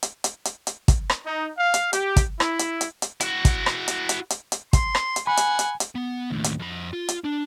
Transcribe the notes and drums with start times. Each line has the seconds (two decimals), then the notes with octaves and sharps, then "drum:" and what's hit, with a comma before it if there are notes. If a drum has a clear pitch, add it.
0.03 drum: hi-hat
0.24 drum: hi-hat
0.45 drum: hi-hat
0.67 drum: hi-hat
0.88 drum: kick, hi-hat
1.10 drum: rim click
1.25 D#4
1.58 F5
1.74 drum: hi-hat
1.93 G4, drum: hi-hat
2.17 drum: kick, hi-hat
2.40 E4, drum: rim click
2.59 drum: hi-hat
2.81 drum: hi-hat
3.02 drum: hi-hat
3.20 E4 F#4, drum: hi-hat
3.45 drum: kick, hi-hat
3.66 drum: rim click
3.88 drum: hi-hat
4.09 drum: hi-hat
4.30 drum: hi-hat
4.52 drum: hi-hat
4.73 C6, drum: kick, hi-hat
4.95 drum: rim click
5.16 drum: hi-hat
5.27 F#5 G#5 B5
5.37 drum: hi-hat
5.59 drum: hi-hat
5.80 drum: hi-hat
5.95 B3
6.30 D#2 A2
6.44 drum: hi-hat
6.59 F2 B5
6.93 F4
7.08 drum: hi-hat
7.24 D4